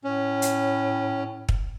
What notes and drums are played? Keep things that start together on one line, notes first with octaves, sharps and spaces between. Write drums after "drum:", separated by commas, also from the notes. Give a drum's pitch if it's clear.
A2 C#4
drum: hi-hat
drum: kick